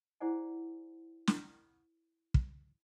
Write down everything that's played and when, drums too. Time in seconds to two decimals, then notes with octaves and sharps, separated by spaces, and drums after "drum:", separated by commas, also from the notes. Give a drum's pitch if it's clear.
0.21 E4 G#4 C5 D5 F#5 G#5
1.27 drum: snare
2.34 drum: kick